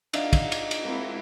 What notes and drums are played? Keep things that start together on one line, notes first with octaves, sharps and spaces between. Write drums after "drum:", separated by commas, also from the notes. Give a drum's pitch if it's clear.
D4 D#4 E5 F5, drum: cymbal
drum: kick, cymbal
drum: cymbal
drum: cymbal
G#3 A#3 C4 E4